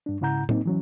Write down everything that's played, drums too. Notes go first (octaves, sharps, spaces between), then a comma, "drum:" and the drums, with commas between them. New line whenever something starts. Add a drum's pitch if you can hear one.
G2 D4
G#2 C#3 E4 F#5 A#5 G6
A#3 C4 D#4, drum: tom A2
E3 F#3 C#4